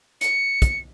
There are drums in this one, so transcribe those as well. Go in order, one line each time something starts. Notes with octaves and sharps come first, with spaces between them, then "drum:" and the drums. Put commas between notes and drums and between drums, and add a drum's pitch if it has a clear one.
C#7, drum: hi-hat
drum: kick, hi-hat